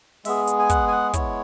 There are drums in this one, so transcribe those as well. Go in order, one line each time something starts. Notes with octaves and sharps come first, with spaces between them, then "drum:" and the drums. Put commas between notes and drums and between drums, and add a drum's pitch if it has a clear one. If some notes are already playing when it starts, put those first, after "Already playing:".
G#3 B3 G#4 E5, drum: open hi-hat
drum: hi-hat
G#5
F#5, drum: kick, hi-hat
G#5
F#5
G#3 B3 E4 C#5, drum: kick, hi-hat